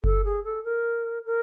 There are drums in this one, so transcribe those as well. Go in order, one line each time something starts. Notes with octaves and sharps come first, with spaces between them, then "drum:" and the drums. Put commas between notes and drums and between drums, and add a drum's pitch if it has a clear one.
A4, drum: kick F#1
G#4
A4
A#4
A#4